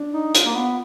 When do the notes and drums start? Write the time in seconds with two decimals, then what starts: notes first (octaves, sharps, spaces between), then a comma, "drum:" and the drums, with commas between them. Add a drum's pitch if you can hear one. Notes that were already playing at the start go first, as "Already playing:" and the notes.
Already playing: D4
0.14 D#4
0.35 F4, drum: hi-hat
0.46 A#3
0.55 B3